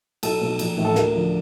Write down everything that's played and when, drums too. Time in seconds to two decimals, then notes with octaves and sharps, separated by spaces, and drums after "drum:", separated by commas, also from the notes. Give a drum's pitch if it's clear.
0.23 B1 A4, drum: cymbal
0.41 B2 F#3
0.59 A#1, drum: cymbal
0.77 A2 E3
0.85 A4
0.95 D2 A#4, drum: snare
1.13 D3 F3